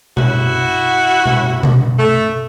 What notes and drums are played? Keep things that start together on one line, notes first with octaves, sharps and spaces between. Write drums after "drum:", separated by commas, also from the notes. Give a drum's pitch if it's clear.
E4 F#4, drum: tom B2
drum: tom B2
drum: tom B2
A3